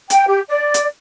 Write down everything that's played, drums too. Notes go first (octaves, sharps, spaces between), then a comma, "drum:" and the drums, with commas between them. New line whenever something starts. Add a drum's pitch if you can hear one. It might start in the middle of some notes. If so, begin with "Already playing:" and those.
G5, drum: hi-hat
G4
D5
drum: hi-hat